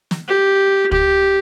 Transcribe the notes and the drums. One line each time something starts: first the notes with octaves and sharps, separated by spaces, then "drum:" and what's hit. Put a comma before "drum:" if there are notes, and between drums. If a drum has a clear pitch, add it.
drum: snare
G4
G4, drum: kick